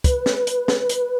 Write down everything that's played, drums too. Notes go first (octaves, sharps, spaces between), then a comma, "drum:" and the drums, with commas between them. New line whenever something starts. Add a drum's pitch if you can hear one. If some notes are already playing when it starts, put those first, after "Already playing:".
B4, drum: kick, hi-hat
drum: snare
drum: hi-hat
drum: snare
drum: hi-hat